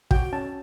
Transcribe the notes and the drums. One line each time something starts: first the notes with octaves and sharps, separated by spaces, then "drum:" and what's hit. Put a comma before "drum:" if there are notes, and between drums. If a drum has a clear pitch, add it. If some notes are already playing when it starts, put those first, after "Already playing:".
F#4 G5, drum: kick
C#4 A5